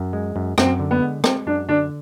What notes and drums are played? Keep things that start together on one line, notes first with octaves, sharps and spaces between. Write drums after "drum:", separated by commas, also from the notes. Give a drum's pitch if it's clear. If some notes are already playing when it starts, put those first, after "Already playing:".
Already playing: F#2
G#3
F#2
F#2 C4, drum: rim click
D3
B3
G#3
G#3 C4, drum: rim click
F#2 D4
D3 D4